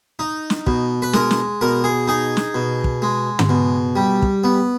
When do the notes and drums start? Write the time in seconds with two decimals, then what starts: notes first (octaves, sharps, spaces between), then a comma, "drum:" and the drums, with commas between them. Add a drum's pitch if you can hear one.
0.19 D#4
0.50 drum: snare
0.67 B2, drum: kick
1.02 B4
1.13 G#3 A#4, drum: snare
1.31 drum: snare
1.61 B2 A#4
1.84 G#4
2.07 D#4 G#4
2.37 drum: snare
2.55 B2
2.84 drum: kick
3.02 G#3
3.39 drum: tom
3.49 B2
3.96 G3
4.22 drum: kick
4.44 B3